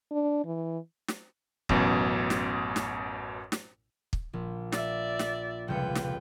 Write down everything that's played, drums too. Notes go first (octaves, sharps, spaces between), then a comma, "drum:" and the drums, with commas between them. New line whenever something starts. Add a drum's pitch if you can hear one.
D4
E3
drum: snare
A1 F#2 B2, drum: kick
drum: snare
drum: snare
drum: snare
drum: kick
A#1
D5 E5, drum: snare
drum: snare
F1 C#2 B4 G5 C#7
drum: snare